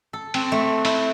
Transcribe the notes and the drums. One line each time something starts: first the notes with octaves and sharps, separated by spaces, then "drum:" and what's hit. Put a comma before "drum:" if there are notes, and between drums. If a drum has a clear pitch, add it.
A4
C4, drum: cymbal
A3
E4, drum: cymbal